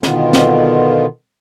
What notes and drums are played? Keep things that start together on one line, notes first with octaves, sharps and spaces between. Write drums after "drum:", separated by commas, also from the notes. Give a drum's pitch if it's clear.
B2 D3 D#3 B3 F4, drum: snare
drum: snare